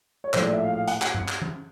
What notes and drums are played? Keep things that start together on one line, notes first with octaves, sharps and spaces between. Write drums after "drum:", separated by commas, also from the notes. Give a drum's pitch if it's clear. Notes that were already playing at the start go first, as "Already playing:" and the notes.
C#5
A#1 A2 F3 C5, drum: clap
D5
E5
F5
F5
F#5, drum: hi-hat
F#5, drum: clap
drum: tom G2
drum: clap
drum: tom E3